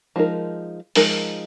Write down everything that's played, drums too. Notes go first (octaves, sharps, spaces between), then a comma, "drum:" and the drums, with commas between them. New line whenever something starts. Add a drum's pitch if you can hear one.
F3 G#3 D#4 A#4
F3 G#3 D#4 A#4, drum: open hi-hat